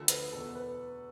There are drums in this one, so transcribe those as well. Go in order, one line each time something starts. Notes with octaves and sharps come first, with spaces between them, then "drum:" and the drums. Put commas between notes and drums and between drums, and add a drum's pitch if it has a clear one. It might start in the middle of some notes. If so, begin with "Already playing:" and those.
Already playing: D2 D3 F3 A4
B4, drum: hi-hat
E2 B2 A4
B4